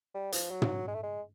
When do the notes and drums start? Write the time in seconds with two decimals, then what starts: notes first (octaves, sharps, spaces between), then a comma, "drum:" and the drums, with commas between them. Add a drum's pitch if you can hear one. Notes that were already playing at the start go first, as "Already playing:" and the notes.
0.15 G3
0.32 F3, drum: hi-hat
0.51 F#3
0.62 drum: tom
0.87 G#3
0.94 A3
1.03 G#3